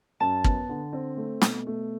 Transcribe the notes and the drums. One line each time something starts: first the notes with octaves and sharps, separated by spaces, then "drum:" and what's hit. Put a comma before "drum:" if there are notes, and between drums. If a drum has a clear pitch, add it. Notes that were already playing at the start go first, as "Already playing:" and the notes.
F#2 A5
B3, drum: kick
D3
C4
A3
B2, drum: snare
A3